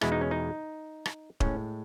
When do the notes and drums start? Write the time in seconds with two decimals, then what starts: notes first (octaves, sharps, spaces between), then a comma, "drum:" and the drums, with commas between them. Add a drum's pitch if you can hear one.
0.01 E2 B2 G#3 E4, drum: rim click
0.12 D#4
0.21 C#4
0.31 D#4
1.06 drum: rim click
1.40 A2 G#3 C#4, drum: kick D#1